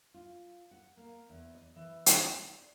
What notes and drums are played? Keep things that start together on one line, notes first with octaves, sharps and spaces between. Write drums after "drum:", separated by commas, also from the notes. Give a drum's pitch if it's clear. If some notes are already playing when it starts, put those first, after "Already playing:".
F4
F#5
A#3
E2
D#5
E3
drum: hi-hat
C4
D5